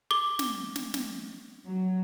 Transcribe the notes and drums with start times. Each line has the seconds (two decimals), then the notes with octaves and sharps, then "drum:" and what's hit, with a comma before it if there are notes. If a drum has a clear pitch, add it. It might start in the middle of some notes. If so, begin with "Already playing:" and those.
0.11 D6 G7
0.39 drum: snare
0.76 drum: snare
0.94 drum: snare
1.67 F#3